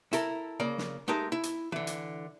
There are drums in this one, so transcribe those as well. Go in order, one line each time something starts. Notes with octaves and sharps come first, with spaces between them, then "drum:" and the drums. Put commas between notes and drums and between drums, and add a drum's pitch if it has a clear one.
E4 A4 A#4, drum: hi-hat
C#3 A#3 D5
drum: snare
G#3 A3 D#4 G4 A#4
E4
drum: hi-hat
D3 E3
drum: hi-hat